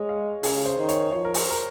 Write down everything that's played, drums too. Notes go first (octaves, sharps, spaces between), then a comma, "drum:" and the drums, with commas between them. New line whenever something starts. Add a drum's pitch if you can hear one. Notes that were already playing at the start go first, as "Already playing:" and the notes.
Already playing: G#3 C#5 D#5
F5
C#3 G#4, drum: open hi-hat
C5
D#3
C#5, drum: hi-hat
F3 C#5
A#4
C5, drum: open hi-hat
A#4